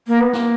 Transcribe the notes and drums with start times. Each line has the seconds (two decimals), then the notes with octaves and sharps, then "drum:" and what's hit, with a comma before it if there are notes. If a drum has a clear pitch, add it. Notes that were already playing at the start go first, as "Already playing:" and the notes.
0.07 A#3
0.20 B3
0.33 A#3, drum: snare